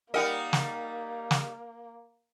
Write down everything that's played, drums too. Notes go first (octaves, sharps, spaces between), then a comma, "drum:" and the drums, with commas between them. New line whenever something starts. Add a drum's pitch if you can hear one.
G3 A#3 D#4 A#4 D#5 F#5 G5
drum: snare
drum: snare